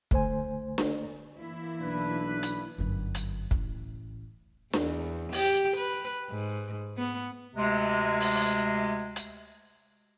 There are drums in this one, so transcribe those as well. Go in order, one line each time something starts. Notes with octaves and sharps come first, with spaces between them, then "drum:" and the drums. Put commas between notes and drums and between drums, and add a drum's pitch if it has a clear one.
D3 A3 C5 G#5, drum: kick
drum: snare D4
E3 A#3 E4
B1 D4 B4
drum: hi-hat
G1 F#2
drum: hi-hat
A1, drum: kick
E2, drum: snare D4
G4, drum: open hi-hat
B4
G#2
B3
D2 C3 G#3
drum: open hi-hat
drum: open hi-hat
drum: hi-hat